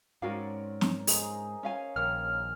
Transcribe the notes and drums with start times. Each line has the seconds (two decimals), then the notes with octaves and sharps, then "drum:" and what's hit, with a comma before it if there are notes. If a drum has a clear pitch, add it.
0.22 G#2 C4 C#4 F#4 A#4 D5 F5
0.81 drum: snare
1.07 D#4 G#4 C5, drum: open hi-hat
1.63 C#4 F5 G#5
1.96 A#1 D#3 A#3 C#5 F6